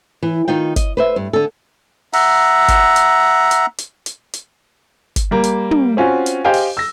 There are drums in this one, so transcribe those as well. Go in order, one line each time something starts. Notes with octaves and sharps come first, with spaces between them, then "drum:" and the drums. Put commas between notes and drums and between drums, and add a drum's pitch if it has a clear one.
E3
D#3 D#4 F4 G5
D#5, drum: kick, hi-hat
B4 C5 E5
G2
D3 A4
E5 F#5 A#5, drum: open hi-hat
drum: kick, hi-hat
drum: hi-hat
drum: hi-hat
drum: hi-hat
drum: hi-hat
drum: hi-hat
drum: kick, hi-hat
G3 A#3
drum: hi-hat
drum: tom
C4 C#4 F4 F#4
drum: hi-hat
G4 C5 D#5 F5 G5 G#5
drum: open hi-hat
E6 A#6